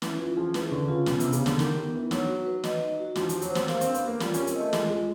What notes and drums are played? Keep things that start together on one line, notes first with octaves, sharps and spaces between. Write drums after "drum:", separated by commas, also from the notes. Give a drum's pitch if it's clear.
E3 C#4, drum: snare
E3 F4
F3 G#4
E3 B4, drum: snare
D3 C#4
C#3 F4
B2 B3, drum: snare
C3 D4, drum: hi-hat
C#3, drum: hi-hat
G4
D3, drum: snare
D#3 A#4, drum: snare
D#3 B3
E3 D4
F#3 D#4, drum: snare
F#4
B4
D#5, drum: snare
D#4
F#4
F3 D4, drum: snare
F3 G4, drum: hi-hat
F#3, drum: hi-hat
C5
C4, drum: snare
A#3 F5, drum: snare
C4, drum: hi-hat
D4
B3, drum: hi-hat
A#3 G4
G3 F4, drum: snare
C#4 A#4, drum: hi-hat
C4, drum: hi-hat
A3 D#5
G#3 F4, drum: snare
G#3 F4